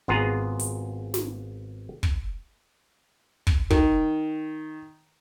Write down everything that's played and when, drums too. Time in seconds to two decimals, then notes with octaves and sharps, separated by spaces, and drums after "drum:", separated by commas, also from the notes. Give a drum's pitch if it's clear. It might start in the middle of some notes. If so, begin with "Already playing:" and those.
0.08 G#1 B3 F4 G#4 A#5
0.59 drum: hi-hat
1.14 drum: snare
2.03 drum: kick
3.47 drum: kick
3.70 D#3, drum: kick